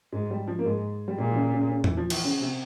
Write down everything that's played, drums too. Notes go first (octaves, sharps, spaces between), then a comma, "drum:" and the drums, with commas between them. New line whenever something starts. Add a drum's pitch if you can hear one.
G#2 G#3
G3
F3
A#3
G#2 G#3
G3
A#2 G#3
E3
C#3
C#3
C#3
E3, drum: tom E2
F3
E3, drum: cymbal
C#3
C3